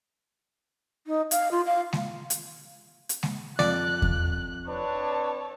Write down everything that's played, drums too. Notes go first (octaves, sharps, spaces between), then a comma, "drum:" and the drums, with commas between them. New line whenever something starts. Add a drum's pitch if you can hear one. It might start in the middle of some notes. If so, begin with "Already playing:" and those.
D#4
F5, drum: hi-hat
F4
F5
drum: snare G#3
drum: hi-hat
drum: hi-hat
drum: snare G#3
F2 D5 F#6, drum: snare G#3
drum: kick E2
C4 D4 B4 C#5 A5